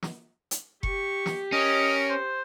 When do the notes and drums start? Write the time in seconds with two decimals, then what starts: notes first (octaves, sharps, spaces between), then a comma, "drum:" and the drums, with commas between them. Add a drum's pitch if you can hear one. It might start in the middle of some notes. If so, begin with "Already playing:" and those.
0.03 drum: snare
0.51 drum: hi-hat
0.83 G4 C#6, drum: kick F1
1.26 drum: snare
1.52 C#4 A#4 D#5
2.10 C5